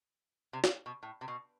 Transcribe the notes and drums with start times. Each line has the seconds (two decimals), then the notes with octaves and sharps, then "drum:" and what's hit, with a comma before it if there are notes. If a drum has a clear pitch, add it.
0.53 C3
0.64 drum: snare
0.86 B2
1.03 A2
1.21 C3
1.28 B2